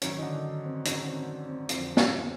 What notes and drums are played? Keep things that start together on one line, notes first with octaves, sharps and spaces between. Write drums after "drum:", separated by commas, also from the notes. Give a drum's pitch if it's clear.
F#2 D#3 F#3 C#4, drum: hi-hat
D#4
D3 D4
C4
F#2 D#3 F#3 C#4, drum: hi-hat
C4
C4
F2 D3 F#3 C4, drum: hi-hat
C#4, drum: snare